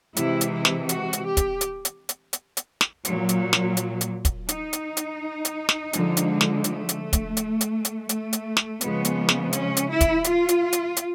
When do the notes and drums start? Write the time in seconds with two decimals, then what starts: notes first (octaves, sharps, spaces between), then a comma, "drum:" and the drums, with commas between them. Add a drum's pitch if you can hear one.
0.16 C3 E3 G#3 E4, drum: hi-hat
0.41 drum: hi-hat
0.53 E4
0.65 drum: snare
0.89 F#4, drum: hi-hat
1.13 drum: hi-hat
1.25 G4
1.37 drum: kick, hi-hat
1.61 drum: hi-hat
1.85 drum: hi-hat
2.09 drum: hi-hat
2.33 drum: hi-hat
2.57 drum: hi-hat
2.81 drum: snare
3.05 A#2 F#3, drum: hi-hat
3.29 drum: hi-hat
3.53 drum: snare
3.77 drum: hi-hat
4.01 drum: hi-hat
4.25 drum: kick, hi-hat
4.49 D#4, drum: hi-hat
4.73 drum: hi-hat
4.97 drum: hi-hat
5.45 drum: hi-hat
5.69 drum: snare
5.93 D3 F3 G#3, drum: hi-hat
6.17 drum: hi-hat
6.41 drum: snare
6.64 A3, drum: hi-hat
6.89 drum: hi-hat
7.13 drum: kick, hi-hat
7.37 drum: hi-hat
7.61 drum: hi-hat
7.85 drum: hi-hat
8.09 A3, drum: hi-hat
8.33 drum: hi-hat
8.57 drum: snare
8.81 C#3 F3 G#3 B3, drum: hi-hat
9.05 drum: hi-hat
9.29 drum: snare
9.53 C#4, drum: hi-hat
9.77 drum: hi-hat
9.88 E4
10.01 drum: kick, hi-hat
10.24 F4, drum: hi-hat
10.49 drum: hi-hat
10.73 drum: hi-hat
10.97 drum: hi-hat